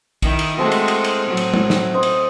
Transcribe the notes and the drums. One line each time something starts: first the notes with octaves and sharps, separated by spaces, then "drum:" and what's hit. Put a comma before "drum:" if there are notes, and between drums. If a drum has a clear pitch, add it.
D#3 E4, drum: kick, cymbal
drum: cymbal
G#3 A3 C4 F#4 A4
drum: cymbal
drum: cymbal
drum: cymbal
A2 F#3
drum: cymbal
drum: tom
drum: snare
C5 D#5
drum: cymbal